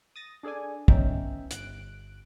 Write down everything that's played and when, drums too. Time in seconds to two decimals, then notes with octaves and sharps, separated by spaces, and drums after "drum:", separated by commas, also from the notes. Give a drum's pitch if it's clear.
0.16 D#6 A6 A#6
0.43 D4 G#4 A4 D5 G#5
0.88 B3 C#4 D#4 E5 G5, drum: kick
1.51 G1 F#6 D7, drum: hi-hat